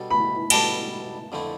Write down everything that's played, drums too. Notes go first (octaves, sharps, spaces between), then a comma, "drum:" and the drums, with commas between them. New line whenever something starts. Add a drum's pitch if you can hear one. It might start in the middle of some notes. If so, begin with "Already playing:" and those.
Already playing: B2 G3 D4 A4
B5
B2 G3 D4 A4 A5, drum: cymbal
F2 D3 A3 C4 E4